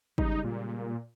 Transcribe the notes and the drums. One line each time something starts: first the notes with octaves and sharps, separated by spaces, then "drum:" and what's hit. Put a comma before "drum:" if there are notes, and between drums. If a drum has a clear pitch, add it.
C#3 G3 G#3 D#4, drum: kick
A#2